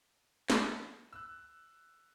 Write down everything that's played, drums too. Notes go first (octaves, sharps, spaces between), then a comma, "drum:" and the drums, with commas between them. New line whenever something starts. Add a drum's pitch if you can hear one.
drum: snare
E6 F#6